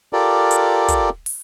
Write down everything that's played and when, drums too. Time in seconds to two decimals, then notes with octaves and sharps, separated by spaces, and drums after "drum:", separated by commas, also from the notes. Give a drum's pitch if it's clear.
0.13 F4 G4 A4 A#4 D5
0.51 drum: hi-hat
0.88 drum: kick, hi-hat
1.26 drum: open hi-hat